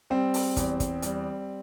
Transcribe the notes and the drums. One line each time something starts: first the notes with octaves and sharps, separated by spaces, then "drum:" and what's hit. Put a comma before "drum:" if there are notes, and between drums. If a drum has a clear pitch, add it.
G3 C4
drum: open hi-hat
E2, drum: kick, hi-hat
drum: kick, hi-hat
G3, drum: hi-hat